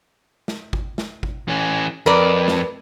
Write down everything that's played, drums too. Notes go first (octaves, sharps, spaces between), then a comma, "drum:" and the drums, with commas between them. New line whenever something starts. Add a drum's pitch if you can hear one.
drum: snare
drum: kick G#1
drum: snare
drum: kick G#1
E3 C#4
F2 A#4 B4 D5
drum: snare